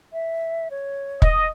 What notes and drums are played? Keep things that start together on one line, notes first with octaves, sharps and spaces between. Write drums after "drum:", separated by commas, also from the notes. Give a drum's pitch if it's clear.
E5
C#5
D#5, drum: kick